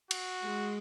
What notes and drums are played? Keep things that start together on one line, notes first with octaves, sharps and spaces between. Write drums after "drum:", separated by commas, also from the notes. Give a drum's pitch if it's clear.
F#4, drum: cymbal
G#3